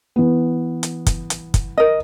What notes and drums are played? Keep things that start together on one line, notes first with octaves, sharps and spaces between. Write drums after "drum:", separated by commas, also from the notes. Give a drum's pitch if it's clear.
E3 B3
drum: hi-hat
drum: kick, hi-hat
drum: hi-hat
drum: kick, hi-hat
A#4 D#5